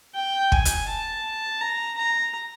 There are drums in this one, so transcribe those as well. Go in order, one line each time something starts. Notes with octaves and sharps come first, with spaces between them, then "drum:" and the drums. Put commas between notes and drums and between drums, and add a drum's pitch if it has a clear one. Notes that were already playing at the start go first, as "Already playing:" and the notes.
G5
G#5, drum: kick
drum: hi-hat
A5
A#5
A#5